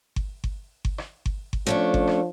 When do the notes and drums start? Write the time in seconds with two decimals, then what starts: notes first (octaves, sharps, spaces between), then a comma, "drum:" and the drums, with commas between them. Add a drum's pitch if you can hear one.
0.16 drum: kick G1
0.44 drum: kick G1
0.85 drum: kick G1
0.98 drum: rim click
1.26 drum: kick G1
1.53 drum: kick G1
1.67 F3 A3 C#4 D4
1.94 drum: kick G1
2.07 drum: rim click